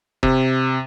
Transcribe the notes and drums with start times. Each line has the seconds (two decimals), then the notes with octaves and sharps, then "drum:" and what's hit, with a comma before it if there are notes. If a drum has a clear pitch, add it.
0.23 C3, drum: kick E1